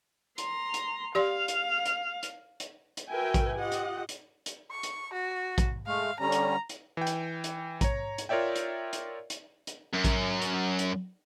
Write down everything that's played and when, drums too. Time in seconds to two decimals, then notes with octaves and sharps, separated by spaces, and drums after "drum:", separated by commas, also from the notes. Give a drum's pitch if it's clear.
0.38 A#5 C6, drum: hi-hat
0.74 drum: hi-hat
1.15 G4 D5 F5 C6
1.48 drum: hi-hat
1.86 drum: hi-hat
2.23 drum: hi-hat
2.60 drum: hi-hat
2.97 drum: hi-hat
3.09 F#4 A#4 B4 E5 G5 G#5
3.34 drum: kick A#1, hi-hat
3.56 F4 G4 D#5 F#5
3.72 drum: hi-hat
4.09 drum: hi-hat
4.46 drum: hi-hat
4.71 C#6
4.83 drum: hi-hat
5.13 F#4
5.58 drum: kick A#1, hi-hat
5.87 G#3 A3 F5
6.20 D3 G3 C#4 A#5
6.32 drum: hi-hat
6.69 drum: hi-hat
6.97 E3 G5
7.07 drum: hi-hat
7.44 drum: hi-hat
7.81 C#5 A#5, drum: kick A#1, hi-hat
8.18 drum: hi-hat
8.29 F4 A#4 C#5 D5 E5 G5
8.56 drum: hi-hat
8.93 drum: hi-hat
9.30 drum: hi-hat
9.67 drum: hi-hat
9.94 F#2
10.04 drum: kick A#1, hi-hat
10.42 drum: hi-hat
10.79 drum: hi-hat